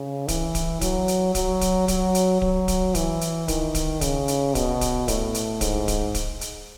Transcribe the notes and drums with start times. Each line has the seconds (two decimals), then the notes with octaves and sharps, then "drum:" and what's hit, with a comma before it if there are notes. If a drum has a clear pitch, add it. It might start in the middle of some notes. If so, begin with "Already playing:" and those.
Already playing: C#3
0.28 E3, drum: kick D1, hi-hat
0.55 drum: kick D1, hi-hat
0.81 F#3, drum: kick D1, hi-hat
1.08 drum: hi-hat
1.35 F#3, drum: kick D1, hi-hat
1.61 drum: kick D1, hi-hat
1.88 F#3, drum: kick D1, hi-hat
2.15 drum: hi-hat
2.42 F#3, drum: kick D1
2.68 drum: kick D1, hi-hat
2.95 E3, drum: kick D1, hi-hat
3.21 drum: hi-hat
3.48 D#3, drum: kick D1, hi-hat
3.75 drum: kick D1, hi-hat
4.01 C#3, drum: kick D1, hi-hat
4.28 drum: hi-hat
4.55 B2, drum: kick D1, hi-hat
4.81 drum: kick D1, hi-hat
5.08 A2, drum: kick D1, hi-hat
5.35 drum: hi-hat
5.61 G#2, drum: kick D1, hi-hat
5.88 drum: kick D1, hi-hat
6.14 drum: kick D1, hi-hat
6.41 drum: hi-hat